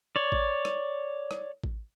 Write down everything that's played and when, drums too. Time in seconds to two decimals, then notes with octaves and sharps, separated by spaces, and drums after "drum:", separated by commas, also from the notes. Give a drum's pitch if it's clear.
0.16 C#5 D5
0.32 drum: kick A1
0.65 drum: rim click
1.31 drum: rim click
1.64 drum: kick A1